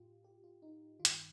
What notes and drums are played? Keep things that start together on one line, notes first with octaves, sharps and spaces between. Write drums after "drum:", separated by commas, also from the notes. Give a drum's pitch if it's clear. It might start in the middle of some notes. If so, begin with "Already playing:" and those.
Already playing: A2 F4 G4
G4
F4
D#4
D#3 F4
G2, drum: hi-hat